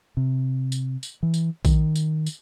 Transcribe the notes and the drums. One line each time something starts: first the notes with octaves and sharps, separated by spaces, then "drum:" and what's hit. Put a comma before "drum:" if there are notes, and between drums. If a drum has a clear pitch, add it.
C3
drum: tambourine
drum: tambourine
E3
drum: tambourine
D#3, drum: kick A#1, tambourine
drum: tambourine
drum: tambourine